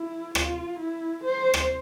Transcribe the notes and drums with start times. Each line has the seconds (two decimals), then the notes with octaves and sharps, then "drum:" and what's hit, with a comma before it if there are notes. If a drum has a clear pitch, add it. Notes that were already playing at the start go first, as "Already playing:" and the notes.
Already playing: E4
0.35 F4, drum: rim click
0.79 E4
1.25 C5
1.54 drum: rim click